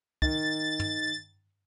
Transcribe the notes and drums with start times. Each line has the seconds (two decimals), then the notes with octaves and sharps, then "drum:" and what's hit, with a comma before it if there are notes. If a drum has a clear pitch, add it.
0.22 D#3 A6, drum: kick
0.79 drum: tom